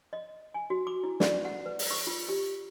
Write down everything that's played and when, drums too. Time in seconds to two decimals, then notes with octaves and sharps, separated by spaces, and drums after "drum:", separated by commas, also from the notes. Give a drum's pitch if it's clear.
0.13 D#5
0.54 G#5
0.70 F#4
0.87 D6
1.04 E4
1.20 D5, drum: snare
1.45 F#5
1.66 B4
1.79 drum: open hi-hat
1.91 C#6
2.07 F4
2.29 G4